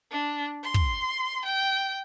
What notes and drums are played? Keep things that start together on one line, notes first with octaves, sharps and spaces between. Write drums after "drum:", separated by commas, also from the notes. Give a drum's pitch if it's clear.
D4
C6
drum: kick
G5